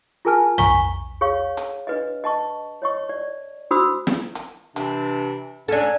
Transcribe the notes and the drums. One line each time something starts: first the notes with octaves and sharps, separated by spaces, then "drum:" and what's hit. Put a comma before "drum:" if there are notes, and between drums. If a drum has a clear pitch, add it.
F4 G#4 A#4 G#5 A5 F6
G#5 A#5 C#6 B6 G7, drum: tom
G#4 C#5 F5 C#6
drum: hi-hat
D4 B4 D#5
D#5 A5 C#6
C#5 D#5 C#6
D5
D4 F#4 C5 B5 D#6 E6
drum: snare
drum: hi-hat
C3 E3 D4, drum: hi-hat
G#2 F#3 C#4 D4 A4